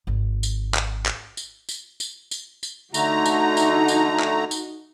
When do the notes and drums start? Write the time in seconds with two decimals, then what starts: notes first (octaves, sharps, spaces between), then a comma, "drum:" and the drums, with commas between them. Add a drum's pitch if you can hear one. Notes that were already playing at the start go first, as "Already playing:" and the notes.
0.07 G#1
0.43 drum: tambourine
0.75 drum: clap
1.06 drum: clap
1.37 drum: tambourine
1.69 drum: tambourine
2.00 drum: tambourine
2.31 drum: tambourine
2.63 drum: tambourine
2.94 D3 A3 D#4 F#4 A#5, drum: tambourine
3.26 drum: tambourine
3.57 drum: tambourine
3.88 drum: tambourine
4.20 drum: clap
4.51 drum: tambourine